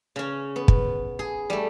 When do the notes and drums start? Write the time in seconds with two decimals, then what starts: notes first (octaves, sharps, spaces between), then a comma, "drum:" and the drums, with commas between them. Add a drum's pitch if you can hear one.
0.16 C#3 C#4
0.56 B3
0.68 drum: kick
1.19 G#4
1.50 G3 A3